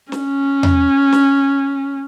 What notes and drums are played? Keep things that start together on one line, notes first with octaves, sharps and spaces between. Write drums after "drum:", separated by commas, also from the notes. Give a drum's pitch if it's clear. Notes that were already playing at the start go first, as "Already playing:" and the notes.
C#4, drum: snare
drum: tom E2
drum: snare